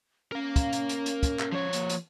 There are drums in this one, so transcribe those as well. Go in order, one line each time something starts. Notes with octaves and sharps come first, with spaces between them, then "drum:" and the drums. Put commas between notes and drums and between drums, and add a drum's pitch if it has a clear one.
C#4 A#4 F5
drum: kick, hi-hat
drum: hi-hat
drum: hi-hat
drum: hi-hat
drum: kick, hi-hat
drum: clap
F3 C#5
A#3, drum: hi-hat
drum: hi-hat